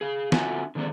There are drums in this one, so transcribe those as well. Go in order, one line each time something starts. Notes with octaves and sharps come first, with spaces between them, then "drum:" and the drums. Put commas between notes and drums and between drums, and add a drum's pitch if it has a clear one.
G#4 F5
D3 C4 F4 F#4 E5 G#5, drum: snare
D3 D#3 G#3 A#3 C4 D4